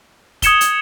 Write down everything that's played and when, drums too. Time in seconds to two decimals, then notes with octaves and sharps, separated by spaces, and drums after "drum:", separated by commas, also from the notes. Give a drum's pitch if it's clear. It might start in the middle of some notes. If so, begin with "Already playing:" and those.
0.42 D#6 G#6 C#7 E7 G7, drum: kick F1, hi-hat
0.61 drum: hi-hat